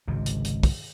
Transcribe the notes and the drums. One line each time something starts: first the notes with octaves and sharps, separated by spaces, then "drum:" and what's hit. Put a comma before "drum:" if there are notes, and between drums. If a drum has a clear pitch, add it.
G#1 C#2 C3
drum: hi-hat
drum: hi-hat
drum: kick, open hi-hat